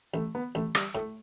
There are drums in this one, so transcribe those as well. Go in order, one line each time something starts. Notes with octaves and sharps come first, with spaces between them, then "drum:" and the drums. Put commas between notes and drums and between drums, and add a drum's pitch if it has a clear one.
A1 A3
B3
A1 A3
G3, drum: rim click
A2 A3